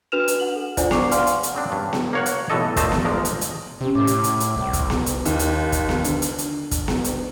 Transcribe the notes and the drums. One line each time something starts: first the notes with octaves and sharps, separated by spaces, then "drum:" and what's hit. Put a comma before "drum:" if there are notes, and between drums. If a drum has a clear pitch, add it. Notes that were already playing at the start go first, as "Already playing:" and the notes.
D4 F#4 B4 F6 E7 F7
drum: hi-hat
F#5 F#7
A4
D4 F4 C5 D5 F#5 G#5, drum: kick, hi-hat
D5 C#6 D6 C7 F7, drum: snare B3
F5 F#5 G#5 C6 F6, drum: hi-hat
drum: hi-hat
drum: hi-hat
C#3 C4 D4
G2 C#4
drum: snare B3
A#3 C#5 F#5
drum: hi-hat
B1 G2 E3 A3 A4 D#5
A#2 F3 A3 C5 D#5 A5, drum: kick, hi-hat
drum: snare B3
G1 F3 G#3 D5 A#5
drum: hi-hat
drum: hi-hat
C3 C#4 G4
A2 D6
drum: hi-hat
drum: hi-hat
drum: hi-hat
C2
drum: kick, hi-hat
drum: snare B3
drum: hi-hat
D#2, drum: hi-hat
drum: hi-hat
drum: kick, hi-hat
drum: snare B3
D3, drum: hi-hat
drum: hi-hat
drum: hi-hat
drum: kick, hi-hat
drum: snare B3
drum: hi-hat